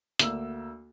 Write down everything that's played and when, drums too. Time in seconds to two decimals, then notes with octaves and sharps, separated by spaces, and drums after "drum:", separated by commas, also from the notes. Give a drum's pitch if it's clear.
0.19 D2 A#3 E6, drum: hi-hat